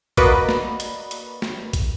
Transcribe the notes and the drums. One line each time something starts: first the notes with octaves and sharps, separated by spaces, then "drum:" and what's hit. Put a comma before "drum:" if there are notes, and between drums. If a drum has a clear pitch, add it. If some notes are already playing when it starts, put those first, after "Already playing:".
A#3 F#4 B4 D5 D#5, drum: kick, hi-hat
drum: snare
drum: hi-hat
drum: hi-hat
drum: snare
drum: kick, hi-hat